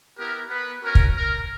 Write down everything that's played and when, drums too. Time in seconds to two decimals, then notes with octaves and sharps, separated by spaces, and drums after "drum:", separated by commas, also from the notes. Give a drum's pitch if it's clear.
0.17 B3 E4 G4 A#4
0.49 B3 B4
0.82 C#4 F#4 A#4
0.95 drum: kick
1.16 A#4